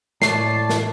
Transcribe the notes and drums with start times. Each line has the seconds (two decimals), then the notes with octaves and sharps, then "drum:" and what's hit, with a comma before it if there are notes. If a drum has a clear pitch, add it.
0.22 A2 C#5 D5 A5 C7, drum: snare
0.70 drum: snare